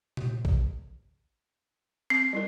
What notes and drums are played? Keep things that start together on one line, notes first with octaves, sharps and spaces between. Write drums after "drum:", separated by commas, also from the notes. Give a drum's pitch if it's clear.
drum: tom A#2
drum: kick
C4 C7
G3 E4 A#4